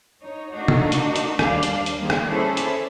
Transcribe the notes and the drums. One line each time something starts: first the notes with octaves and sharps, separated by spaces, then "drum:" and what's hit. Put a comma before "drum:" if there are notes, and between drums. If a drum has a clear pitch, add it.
D#4 C#5
A3 A#3 D4 D#4 F#4
drum: tom
drum: hi-hat
drum: hi-hat
D#2 G3 D4 D5 F5, drum: rim click
drum: hi-hat
drum: hi-hat
D#3 G3 A#3 G#4 C5
drum: rim click
C#4 E4 G#4 A4 C5 D5
drum: hi-hat